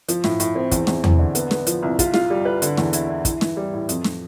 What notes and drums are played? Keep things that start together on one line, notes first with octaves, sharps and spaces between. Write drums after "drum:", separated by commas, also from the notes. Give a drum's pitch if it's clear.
F3, drum: hi-hat
A2, drum: snare
A2, drum: hi-hat
C4
E2, drum: kick, hi-hat
E2, drum: snare
E2, drum: tom E2
D3
B3, drum: hi-hat
B3, drum: snare
F3, drum: hi-hat
C2
F4, drum: kick, hi-hat
F4, drum: snare
G3
B4
D3, drum: hi-hat
E2, drum: snare
E4, drum: hi-hat
E4
E3, drum: kick, hi-hat
E3, drum: snare
G3
A2
F2, drum: hi-hat
drum: snare